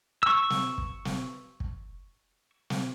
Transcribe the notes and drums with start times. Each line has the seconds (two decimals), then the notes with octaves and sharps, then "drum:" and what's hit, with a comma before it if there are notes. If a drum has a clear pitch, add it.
0.23 C#6 E6
0.50 drum: snare
0.78 drum: kick
1.05 drum: snare
1.60 drum: kick
2.70 drum: snare